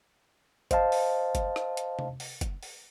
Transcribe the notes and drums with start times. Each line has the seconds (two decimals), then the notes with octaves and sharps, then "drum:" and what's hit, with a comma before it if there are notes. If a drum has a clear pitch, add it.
0.71 C5 D#5 F5 A5, drum: kick, hi-hat
0.92 drum: open hi-hat
1.35 drum: kick, hi-hat
1.56 drum: rim click
1.77 drum: hi-hat
1.99 drum: tom C3
2.20 drum: open hi-hat
2.41 drum: kick, hi-hat
2.63 drum: open hi-hat